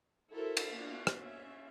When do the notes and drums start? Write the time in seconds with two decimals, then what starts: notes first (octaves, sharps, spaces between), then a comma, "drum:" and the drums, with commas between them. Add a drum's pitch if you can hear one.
0.32 E4 F#4 A4 A#4 C5 E5
0.57 drum: cymbal
0.72 A#3 B3 D4 F4 F#4
1.07 drum: rim click
1.18 C#4 E5